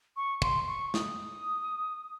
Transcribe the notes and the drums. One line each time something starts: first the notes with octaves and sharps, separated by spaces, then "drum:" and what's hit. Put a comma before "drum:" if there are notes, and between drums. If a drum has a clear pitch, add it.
C#6
C6, drum: kick
C#6
D#6, drum: snare